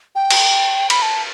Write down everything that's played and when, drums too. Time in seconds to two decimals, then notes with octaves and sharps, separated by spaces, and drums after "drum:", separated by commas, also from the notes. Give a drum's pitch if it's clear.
0.15 G5
0.30 drum: cymbal
0.90 B5, drum: cymbal
1.02 A5